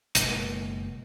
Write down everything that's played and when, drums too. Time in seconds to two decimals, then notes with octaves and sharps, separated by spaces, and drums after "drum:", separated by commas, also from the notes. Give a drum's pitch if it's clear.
0.15 F#1 B2 G#3 A#3, drum: hi-hat